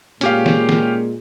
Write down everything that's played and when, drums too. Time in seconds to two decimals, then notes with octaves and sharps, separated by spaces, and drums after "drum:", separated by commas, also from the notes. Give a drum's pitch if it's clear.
0.21 A#2 G#3 C#4 G4 F5, drum: hi-hat
0.46 drum: snare
0.69 drum: snare